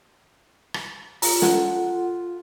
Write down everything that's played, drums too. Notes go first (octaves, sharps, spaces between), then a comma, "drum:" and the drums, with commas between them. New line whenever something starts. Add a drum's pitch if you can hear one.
drum: rim click
F4 A#5, drum: open hi-hat
A4 F#5, drum: snare